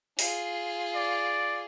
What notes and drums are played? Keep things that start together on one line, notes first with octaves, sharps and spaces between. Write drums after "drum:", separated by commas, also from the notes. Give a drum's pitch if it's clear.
F4 G#4, drum: open hi-hat
D5